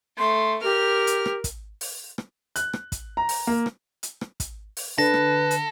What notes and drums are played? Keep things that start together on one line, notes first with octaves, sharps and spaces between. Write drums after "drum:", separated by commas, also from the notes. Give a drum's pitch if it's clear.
A3 C6
G4 A#4 F6
drum: hi-hat
drum: rim click
drum: kick, hi-hat
drum: open hi-hat
drum: rim click
F#6, drum: hi-hat
drum: rim click
drum: kick, hi-hat
A#5
drum: open hi-hat
A#3
drum: rim click
drum: hi-hat
drum: rim click
drum: kick, hi-hat
drum: open hi-hat
D3 A4 B4 A#6
drum: rim click
drum: hi-hat